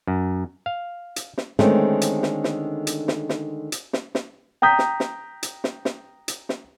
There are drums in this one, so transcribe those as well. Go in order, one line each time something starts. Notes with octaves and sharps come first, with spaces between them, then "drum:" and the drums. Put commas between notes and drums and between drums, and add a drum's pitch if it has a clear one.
F#2
F5
drum: hi-hat
drum: snare
D3 D#3 G#3 A3 C4 C#4, drum: snare
drum: hi-hat
drum: snare
drum: snare
drum: hi-hat
drum: snare
drum: snare
drum: hi-hat
drum: snare
drum: snare
G5 A#5 D#6 G6 B6
drum: snare
drum: snare
drum: hi-hat
drum: snare
drum: snare
drum: hi-hat
drum: snare